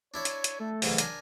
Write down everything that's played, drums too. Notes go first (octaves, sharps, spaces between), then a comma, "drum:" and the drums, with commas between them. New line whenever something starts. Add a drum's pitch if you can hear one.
D4 E4 C#5 D5
drum: hi-hat
drum: hi-hat
A3 A4
C2 C#3 E3 F#3, drum: open hi-hat
D4 A#4 G#5, drum: hi-hat